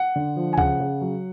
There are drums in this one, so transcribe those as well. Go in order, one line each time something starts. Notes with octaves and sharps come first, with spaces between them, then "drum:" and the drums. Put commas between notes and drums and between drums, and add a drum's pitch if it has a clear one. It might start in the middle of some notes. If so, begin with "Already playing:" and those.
Already playing: F#5
D3
F3
G#5
C#3 F#5, drum: kick D2
C#3
F#3